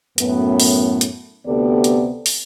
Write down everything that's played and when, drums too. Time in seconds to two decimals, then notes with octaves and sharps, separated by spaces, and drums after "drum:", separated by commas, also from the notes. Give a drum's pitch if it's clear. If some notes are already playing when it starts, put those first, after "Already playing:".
0.18 F#2 A2 B3, drum: hi-hat
0.60 drum: open hi-hat
1.01 drum: hi-hat
1.46 D2 C3 B3 G4 A4 D5
1.84 drum: hi-hat
2.26 drum: open hi-hat